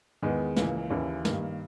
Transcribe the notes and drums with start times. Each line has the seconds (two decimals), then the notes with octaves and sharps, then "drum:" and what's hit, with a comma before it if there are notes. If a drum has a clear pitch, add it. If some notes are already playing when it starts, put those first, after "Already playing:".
0.22 E2 D#3 G#3 B3
0.56 C#2 C#3 E3 A#3, drum: snare
0.90 D#2 C#3 E3 A#3 E4
1.25 G2 D#3 A#3, drum: snare